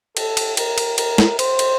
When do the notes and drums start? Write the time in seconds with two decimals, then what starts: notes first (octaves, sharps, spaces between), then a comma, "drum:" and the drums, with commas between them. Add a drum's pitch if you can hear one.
0.17 A4, drum: cymbal
0.37 drum: cymbal
0.57 A#4, drum: cymbal
0.78 drum: cymbal
0.98 A#4, drum: cymbal
1.18 drum: snare
1.39 C5, drum: cymbal
1.59 drum: cymbal